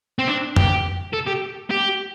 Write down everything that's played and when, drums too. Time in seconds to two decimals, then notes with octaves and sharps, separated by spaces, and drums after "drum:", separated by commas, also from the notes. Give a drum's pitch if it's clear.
0.19 C4
0.28 D4
0.56 G4, drum: tom F2
1.14 A4
1.27 G4
1.71 G4